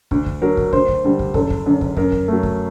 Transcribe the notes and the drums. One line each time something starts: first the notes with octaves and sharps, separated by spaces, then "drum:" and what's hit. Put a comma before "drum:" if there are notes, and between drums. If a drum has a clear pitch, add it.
D2, drum: kick
drum: kick
D3 F#3 A#4
drum: kick
D2 C5, drum: kick
drum: kick
D3 G3
drum: kick
F#1 A4, drum: kick
drum: kick
F#2 D3
drum: kick
F#2 A#4, drum: kick
drum: kick
F#3 A3
drum: kick